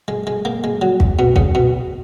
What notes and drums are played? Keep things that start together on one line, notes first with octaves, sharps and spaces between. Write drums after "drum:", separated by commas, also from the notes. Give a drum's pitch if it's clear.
G#3
G#3
A#3
G#3
F#3
drum: kick
B2
C#3, drum: kick
B2